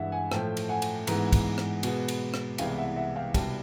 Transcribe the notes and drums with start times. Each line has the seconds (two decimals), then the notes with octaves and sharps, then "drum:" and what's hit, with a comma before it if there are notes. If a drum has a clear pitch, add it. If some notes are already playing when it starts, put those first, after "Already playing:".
Already playing: G2 E3 G#3 E5 F#5
0.12 F#5 G#5
0.32 A2 F3 A3 G5 A5, drum: rim click
0.57 drum: cymbal
0.69 F#5 G#5
0.82 drum: cymbal
1.07 G#2 E3 G#3 B3, drum: cymbal
1.33 drum: kick, cymbal
1.58 drum: rim click
1.83 B2 G#3 B3, drum: cymbal
2.08 drum: cymbal
2.34 drum: rim click
2.58 C2 C3 E3 G#3 B3 F5 G5, drum: cymbal
2.78 E5 F#5
2.96 E5 F#5
3.16 F5 G5
3.34 C2 B2 G3 G5 A5, drum: kick, cymbal